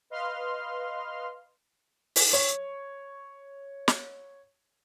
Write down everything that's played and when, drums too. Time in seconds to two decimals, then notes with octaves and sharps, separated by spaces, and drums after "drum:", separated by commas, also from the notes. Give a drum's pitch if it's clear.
0.10 B4 D#5 F5 C6 F6
2.16 drum: open hi-hat
2.33 C#5 C#6
3.88 drum: snare